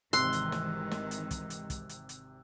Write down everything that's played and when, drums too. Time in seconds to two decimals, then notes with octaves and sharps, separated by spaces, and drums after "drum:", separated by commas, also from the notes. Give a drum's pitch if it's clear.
0.13 G#1 C3 D#3 E3 G#3 C6 E6 F#6, drum: hi-hat
0.33 drum: hi-hat
0.52 drum: snare
0.91 drum: snare
1.11 drum: hi-hat
1.31 drum: kick, hi-hat
1.50 drum: hi-hat
1.70 drum: kick, hi-hat
1.89 drum: hi-hat
2.09 drum: hi-hat